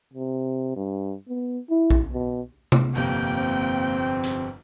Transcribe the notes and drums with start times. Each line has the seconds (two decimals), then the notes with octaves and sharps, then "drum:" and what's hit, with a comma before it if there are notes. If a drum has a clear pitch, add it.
0.14 C3
0.76 G2
1.28 B3
1.70 E4
1.90 drum: kick A#1
2.13 B2
2.72 drum: tom C3
2.95 G1 F2 C3 A#3 G5
3.38 C4
4.24 drum: hi-hat